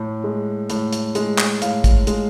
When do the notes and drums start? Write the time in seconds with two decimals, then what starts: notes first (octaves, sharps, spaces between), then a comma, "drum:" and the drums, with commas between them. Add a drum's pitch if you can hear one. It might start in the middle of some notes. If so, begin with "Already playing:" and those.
Already playing: A2
0.24 G#3
0.70 A2, drum: hi-hat
0.93 drum: hi-hat
1.15 G#3, drum: hi-hat
1.38 drum: clap
1.62 A2 F5, drum: hi-hat
1.84 drum: kick, hi-hat
2.07 G#3, drum: hi-hat